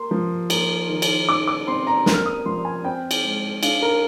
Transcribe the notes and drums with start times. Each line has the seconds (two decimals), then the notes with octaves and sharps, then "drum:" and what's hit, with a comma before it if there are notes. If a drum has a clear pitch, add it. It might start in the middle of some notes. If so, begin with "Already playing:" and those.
Already playing: A#3 C6
0.11 F3
0.50 A#3, drum: cymbal
0.89 D#3
1.02 drum: cymbal
1.28 D#4 D6
1.48 D6
1.67 C4 C6
1.87 A#5
2.06 A#3, drum: snare
2.14 F6
2.26 D#6
2.45 F3 C6
2.65 G#5
2.85 C4 G5
3.11 drum: cymbal
3.23 G#3
3.63 D4 F5, drum: cymbal
3.82 A#4